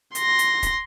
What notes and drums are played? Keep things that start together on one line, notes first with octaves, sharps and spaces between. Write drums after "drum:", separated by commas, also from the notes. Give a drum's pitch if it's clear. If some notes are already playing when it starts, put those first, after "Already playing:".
C6 A#6, drum: hi-hat
drum: hi-hat
drum: kick, hi-hat